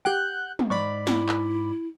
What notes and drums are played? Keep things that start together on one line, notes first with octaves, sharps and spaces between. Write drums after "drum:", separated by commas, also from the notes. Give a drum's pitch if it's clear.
G4 F#5 G5 F#6 G6
drum: tom
G#2 D5 B5 C#6
E4, drum: snare
drum: clap